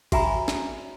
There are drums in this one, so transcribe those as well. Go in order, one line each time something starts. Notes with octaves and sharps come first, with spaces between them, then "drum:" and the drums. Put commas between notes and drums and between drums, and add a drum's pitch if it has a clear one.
F#4 E5 G#5 A#5 B5, drum: kick G#1, cymbal
drum: snare